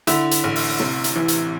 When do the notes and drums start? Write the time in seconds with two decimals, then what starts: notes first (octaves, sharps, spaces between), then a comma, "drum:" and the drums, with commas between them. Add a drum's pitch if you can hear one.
0.07 D3 E4, drum: hi-hat
0.31 drum: hi-hat
0.44 A1
0.56 drum: open hi-hat
0.80 C3, drum: snare
1.04 drum: hi-hat
1.16 E3
1.28 drum: hi-hat